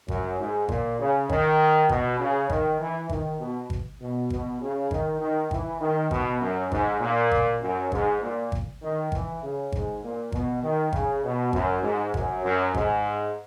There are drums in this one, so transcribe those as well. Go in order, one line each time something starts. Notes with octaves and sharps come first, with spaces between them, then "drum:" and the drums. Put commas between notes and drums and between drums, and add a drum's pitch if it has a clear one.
F#2, drum: kick G#1
G#2
A#2, drum: kick G#1
C#3
D#3, drum: kick G#1
B2, drum: kick G#1
C#3
D#3, drum: kick G#1
E3
D#3, drum: kick G#1
B2
drum: kick G#1
B2
B2, drum: kick G#1
C#3
D#3, drum: kick G#1
D#3
E3, drum: kick G#1
D#3
B2, drum: kick G#1
F#2
G#2, drum: kick G#1
A#2
drum: kick G#1
F#2
G#2, drum: kick G#1
A#2
drum: kick G#1
D#3
E3, drum: kick G#1
C#3
G#2, drum: kick G#1
A#2
B2, drum: kick G#1
D#3
C#3, drum: kick G#1
B2
F#2, drum: kick G#1
G#2
F#2, drum: kick G#1
F#2
G#2, drum: kick G#1